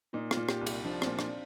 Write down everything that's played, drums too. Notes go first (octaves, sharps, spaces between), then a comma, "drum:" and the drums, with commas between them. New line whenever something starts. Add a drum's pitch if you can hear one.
A#2 D#4
F4, drum: rim click
A#2
G4, drum: rim click
C2
G4, drum: cymbal
F3 D4
A#2 C4, drum: rim click
D4, drum: rim click